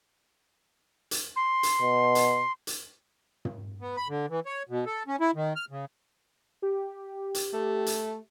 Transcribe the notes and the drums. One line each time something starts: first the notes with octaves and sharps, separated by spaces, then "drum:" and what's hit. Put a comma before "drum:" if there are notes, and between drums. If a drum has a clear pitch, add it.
drum: hi-hat
C6
drum: hi-hat
B2
drum: hi-hat
drum: hi-hat
drum: tom
B3
B5
D3
E3
C#5
B2
A4
C#4
E4
D#3
F6
C#3
G4
drum: hi-hat
A3
drum: hi-hat